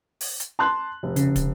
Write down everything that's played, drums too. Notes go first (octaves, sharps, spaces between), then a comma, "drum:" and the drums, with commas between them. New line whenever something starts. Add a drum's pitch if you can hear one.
drum: open hi-hat
drum: hi-hat
A5 C6 F#6
F1
C#3, drum: hi-hat
drum: kick, hi-hat